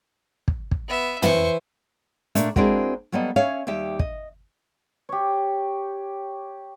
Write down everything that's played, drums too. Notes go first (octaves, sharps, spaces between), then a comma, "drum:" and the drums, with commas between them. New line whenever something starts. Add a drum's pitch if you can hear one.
drum: kick
drum: kick
B3 E5
E3 C5 C#6, drum: tom
A#2 A3 D4 A#4 E5, drum: hi-hat
G#3 C4 D4 E4 F#4 A#4, drum: kick
F#3 G3 A#3 B3 A4 D#5
C#4 C#5 E5 F5
D#2 G3 G4 E5
D#5, drum: kick
G4 C#5